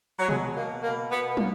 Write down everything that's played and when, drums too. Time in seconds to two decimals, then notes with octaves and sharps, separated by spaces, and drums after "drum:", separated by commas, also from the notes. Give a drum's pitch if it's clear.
0.19 F#3
0.29 B2 G#3, drum: tom
0.56 B2 A#3
0.83 B2 A#3
1.10 B2 B3
1.37 B2 A#3, drum: tom